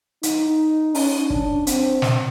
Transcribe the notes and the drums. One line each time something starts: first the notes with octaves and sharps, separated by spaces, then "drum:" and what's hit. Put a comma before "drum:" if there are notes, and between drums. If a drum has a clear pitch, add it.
D#4, drum: hi-hat
C#4, drum: open hi-hat
D4, drum: kick
C4, drum: hi-hat
drum: snare